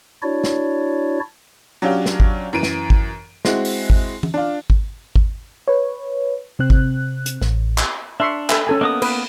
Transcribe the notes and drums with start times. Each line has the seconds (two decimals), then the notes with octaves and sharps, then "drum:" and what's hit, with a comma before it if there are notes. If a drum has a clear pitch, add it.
0.22 D4 E4 F#4 C#5 D5
0.44 drum: snare
1.82 F#3 C#4 D4 F4 G4
2.06 drum: snare
2.20 drum: kick G#1
2.53 F#2 E3 D7 D#7
2.63 drum: snare
2.90 drum: kick G#1
3.45 G#3 C4 E4 F#4, drum: snare
3.65 drum: open hi-hat
3.90 drum: kick G#1
4.23 drum: tom
4.34 D4 F4
4.70 drum: kick G#1
5.16 drum: kick G#1
5.68 B4 C#5
6.59 C3 C4 F#6
6.70 drum: kick G#1
7.26 drum: hi-hat
7.41 A1, drum: snare
7.78 drum: clap
8.20 D4 E5 C6 C#6
8.50 A4 B4 E5, drum: clap
8.67 C#4 A4 G#5
8.81 A#3 B3 D#5 D#6
9.02 B4, drum: cymbal